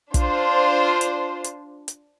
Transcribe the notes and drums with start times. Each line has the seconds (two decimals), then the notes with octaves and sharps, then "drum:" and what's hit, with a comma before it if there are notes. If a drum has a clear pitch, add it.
0.14 D4 F4 C5, drum: kick, hi-hat
1.01 drum: hi-hat
1.44 drum: hi-hat
1.88 drum: hi-hat